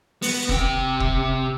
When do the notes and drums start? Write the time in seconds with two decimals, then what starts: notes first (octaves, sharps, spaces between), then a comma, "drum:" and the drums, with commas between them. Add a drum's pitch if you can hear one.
0.22 B3, drum: open hi-hat
0.49 C3 G5, drum: kick
1.00 drum: kick